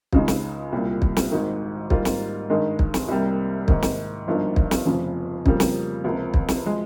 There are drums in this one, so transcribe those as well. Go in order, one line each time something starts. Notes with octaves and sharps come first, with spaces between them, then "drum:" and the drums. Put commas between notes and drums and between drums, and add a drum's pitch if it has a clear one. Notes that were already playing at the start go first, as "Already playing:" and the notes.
C#2 C#3 G#3 D#4, drum: kick
drum: snare
C2 A#2 G3
drum: kick
drum: snare
G#1 G#2 D#3
G#2 G3 A#3 F4, drum: kick
drum: snare
G2 D#3 G#3 D#4 A#4
drum: kick
drum: snare
C2 C3 G3 A#3
G#2 D#3 A#3, drum: kick
drum: snare
G1 G2 F3 A#3 D#4
drum: kick
drum: snare
F1 F2 C#3 F3
F2 C#3 G3 A#3, drum: kick
drum: snare
C#2 C3 F3 A#3
drum: kick
drum: snare
F3 G#3